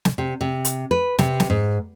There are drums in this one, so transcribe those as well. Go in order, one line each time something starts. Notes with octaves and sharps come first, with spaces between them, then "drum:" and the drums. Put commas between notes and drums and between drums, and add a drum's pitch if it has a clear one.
drum: snare
C3
C3
drum: hi-hat
B4
C3, drum: snare
drum: snare
G#2